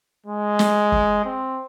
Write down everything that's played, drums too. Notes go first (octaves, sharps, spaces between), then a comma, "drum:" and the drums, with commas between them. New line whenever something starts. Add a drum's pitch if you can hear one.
G#3
drum: snare
drum: kick
C4